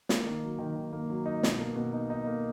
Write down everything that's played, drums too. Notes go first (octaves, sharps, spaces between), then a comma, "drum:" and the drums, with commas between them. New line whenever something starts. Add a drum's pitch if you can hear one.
A#3, drum: snare
D#3
F#3
D#3
D#3
A#3
F#3
D#4
B2, drum: snare
A#3
B2
D#4
D#4
A#3